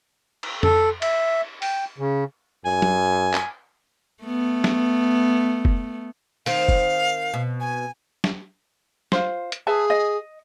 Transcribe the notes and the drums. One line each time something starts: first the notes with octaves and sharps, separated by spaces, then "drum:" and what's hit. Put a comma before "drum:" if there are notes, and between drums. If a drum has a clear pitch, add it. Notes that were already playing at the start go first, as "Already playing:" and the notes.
drum: cymbal
A4, drum: tom F2
E5, drum: cymbal
G5, drum: open hi-hat
C#3
F#2 G#5
drum: tom
drum: clap
A3 B3
drum: snare
drum: kick F1
D#3 C4 F5, drum: open hi-hat
drum: kick F1
B2
G#5
drum: snare
F4 C5, drum: snare
drum: hi-hat
G#4 B4 E5 A5
D#5